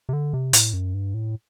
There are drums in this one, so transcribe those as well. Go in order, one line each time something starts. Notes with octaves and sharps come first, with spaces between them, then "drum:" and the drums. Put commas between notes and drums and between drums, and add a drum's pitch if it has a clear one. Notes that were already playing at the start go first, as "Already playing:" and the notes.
C3
D3
C3
A2, drum: hi-hat
F#2
G2
A2